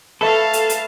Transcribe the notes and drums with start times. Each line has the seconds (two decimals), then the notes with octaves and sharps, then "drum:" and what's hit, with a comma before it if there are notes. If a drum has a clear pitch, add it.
0.21 A3 A4 B4 F5 A5
0.53 drum: hi-hat
0.69 drum: hi-hat